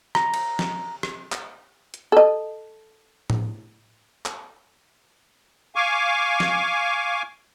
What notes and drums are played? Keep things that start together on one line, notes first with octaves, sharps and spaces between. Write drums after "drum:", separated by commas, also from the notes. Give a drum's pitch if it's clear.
A#5, drum: rim click
drum: cymbal
drum: snare
drum: rim click
drum: clap
drum: hi-hat
A4 D#5
drum: tom A2
drum: clap
F5 G#5 C#6 D6
drum: snare